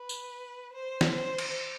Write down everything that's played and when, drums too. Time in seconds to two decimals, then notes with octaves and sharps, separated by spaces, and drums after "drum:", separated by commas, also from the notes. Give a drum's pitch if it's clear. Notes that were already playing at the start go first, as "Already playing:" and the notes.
Already playing: B4
0.09 drum: tambourine
0.73 C5
1.01 drum: snare
1.15 C5
1.38 drum: cymbal